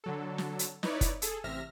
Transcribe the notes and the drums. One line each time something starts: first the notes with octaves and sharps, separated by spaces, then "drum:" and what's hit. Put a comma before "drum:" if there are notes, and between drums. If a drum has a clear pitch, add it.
D3 F#3 A4
drum: snare
drum: hi-hat
D#4 E4 B4 C#5 D5, drum: snare
drum: kick F#1, hi-hat
G#4 A4, drum: hi-hat
A1 C3 E5 F6 A#6